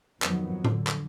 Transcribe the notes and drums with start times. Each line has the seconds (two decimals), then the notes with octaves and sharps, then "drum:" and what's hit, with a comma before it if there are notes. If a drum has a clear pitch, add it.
0.22 F2 D#3 F3 F#3 B3, drum: clap
0.65 D3, drum: tom A2
0.87 drum: clap